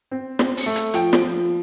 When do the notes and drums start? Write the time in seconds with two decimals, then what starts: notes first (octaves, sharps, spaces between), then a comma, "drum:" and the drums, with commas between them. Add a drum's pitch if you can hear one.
0.11 C4
0.39 C4, drum: snare
0.57 drum: open hi-hat
0.66 A3
0.76 drum: hi-hat
0.94 F3 G5, drum: hi-hat
1.13 drum: snare
1.22 F3